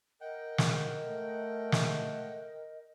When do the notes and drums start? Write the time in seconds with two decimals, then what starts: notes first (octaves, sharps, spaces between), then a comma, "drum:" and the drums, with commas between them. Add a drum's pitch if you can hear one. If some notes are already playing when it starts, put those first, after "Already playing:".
0.21 A#4 D#5 F#5 G5
0.58 drum: snare
1.01 A3
1.72 drum: snare